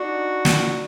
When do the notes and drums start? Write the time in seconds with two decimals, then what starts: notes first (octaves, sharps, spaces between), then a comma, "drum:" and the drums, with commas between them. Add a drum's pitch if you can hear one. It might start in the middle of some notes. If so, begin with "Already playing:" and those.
Already playing: D4 D#4 F#4
0.45 drum: snare